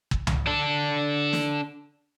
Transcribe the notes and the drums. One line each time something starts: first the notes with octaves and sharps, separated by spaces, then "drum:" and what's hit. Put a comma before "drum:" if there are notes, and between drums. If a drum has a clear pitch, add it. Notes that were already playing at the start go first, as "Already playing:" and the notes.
drum: kick G1
drum: tom C#2
D4 A4
drum: snare